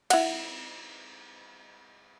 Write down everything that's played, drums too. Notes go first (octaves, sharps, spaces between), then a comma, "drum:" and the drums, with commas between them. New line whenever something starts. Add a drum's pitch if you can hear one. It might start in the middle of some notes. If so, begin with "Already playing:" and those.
E4 F#5, drum: cymbal